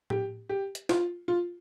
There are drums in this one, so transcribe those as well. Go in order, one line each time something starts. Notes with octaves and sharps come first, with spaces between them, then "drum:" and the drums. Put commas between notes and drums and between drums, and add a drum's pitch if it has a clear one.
G4, drum: tom A2
G4
drum: hi-hat
F4, drum: snare
F4